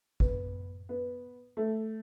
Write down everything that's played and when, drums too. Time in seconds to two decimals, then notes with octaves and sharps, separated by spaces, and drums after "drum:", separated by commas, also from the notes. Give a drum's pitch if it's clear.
0.20 B3, drum: kick
0.89 B3
1.57 A3